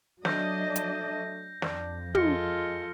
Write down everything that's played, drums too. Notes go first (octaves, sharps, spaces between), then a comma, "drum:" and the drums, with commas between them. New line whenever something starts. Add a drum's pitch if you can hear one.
F#3 A3 D4 D#5 G6 A#6, drum: snare
drum: hi-hat
F2 D4, drum: snare
G#3 F4 A4 F6 A#6 C#7, drum: tom